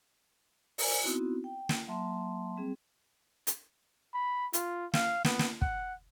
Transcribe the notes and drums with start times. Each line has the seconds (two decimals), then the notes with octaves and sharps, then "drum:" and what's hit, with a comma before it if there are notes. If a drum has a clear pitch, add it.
0.78 A#4 C5 D5 G#5, drum: open hi-hat
1.03 B3 C4 D#4 E4 F#4
1.44 G5
1.69 drum: snare
1.88 F#3 A#3 E5 A5 C6
2.57 G3 C4 G#4
3.47 drum: hi-hat
4.14 B5
4.53 F4, drum: hi-hat
4.94 F5, drum: snare
5.24 B3, drum: snare
5.39 drum: snare
5.62 F#5, drum: kick